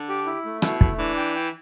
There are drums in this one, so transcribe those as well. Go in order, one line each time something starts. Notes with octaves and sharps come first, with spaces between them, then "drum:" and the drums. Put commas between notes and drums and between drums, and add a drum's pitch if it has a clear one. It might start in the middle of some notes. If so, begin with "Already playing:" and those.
Already playing: D3
G4
E4
A3
B2 E4, drum: rim click
A3, drum: kick
E3 D4
G5
G5